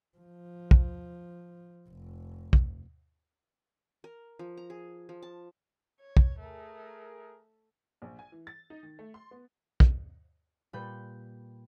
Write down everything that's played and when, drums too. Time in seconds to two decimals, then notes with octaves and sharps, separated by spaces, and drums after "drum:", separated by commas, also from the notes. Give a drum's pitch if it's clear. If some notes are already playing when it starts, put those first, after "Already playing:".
0.17 F3
0.71 drum: kick
1.89 F1
2.53 drum: kick
4.04 A#4
4.39 F3
4.57 A#5
4.70 G#4
5.09 F3
5.22 A5
6.01 C#5
6.17 drum: kick
6.40 A3 G#4 A#4
8.02 A#1
8.19 G#5
8.32 E3
8.47 A6
8.70 D#4
8.83 D#3
8.99 A3
9.14 C6
9.31 B3
9.80 drum: kick
10.73 A#2 G3 B4 B5 G6